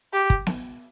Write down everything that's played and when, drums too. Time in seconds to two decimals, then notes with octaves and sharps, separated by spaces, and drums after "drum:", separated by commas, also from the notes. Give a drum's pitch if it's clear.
0.13 G4
0.30 drum: kick
0.47 drum: snare B3